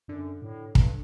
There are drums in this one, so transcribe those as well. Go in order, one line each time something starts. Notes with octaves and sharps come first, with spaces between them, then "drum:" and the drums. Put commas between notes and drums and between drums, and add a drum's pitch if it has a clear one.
F#2 D3
A2
G2, drum: kick